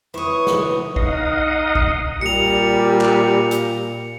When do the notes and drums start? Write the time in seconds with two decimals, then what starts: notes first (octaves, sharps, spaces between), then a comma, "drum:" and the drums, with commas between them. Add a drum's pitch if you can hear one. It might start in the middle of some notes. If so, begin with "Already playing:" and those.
0.14 E4 B4 C#5 C#6 D#6
0.47 drum: snare
0.96 D#4 D#5 F5 F#5 D#6, drum: kick A#1
1.75 drum: kick A#1
2.21 A#2 G3 G4 C#7 F7
3.01 drum: clap
3.51 drum: hi-hat